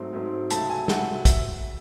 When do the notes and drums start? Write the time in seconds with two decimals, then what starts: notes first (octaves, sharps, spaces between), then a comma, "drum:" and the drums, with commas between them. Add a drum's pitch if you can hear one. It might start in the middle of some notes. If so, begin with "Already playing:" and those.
Already playing: G#2 F#3 A3 C4
0.13 G#2 F#3 A3 C4
0.50 C#2 C3 F#3 A3 A5, drum: hi-hat
0.70 G#5
0.88 C#2 C3 F#3 A3 F#5, drum: snare
1.25 E5, drum: kick, hi-hat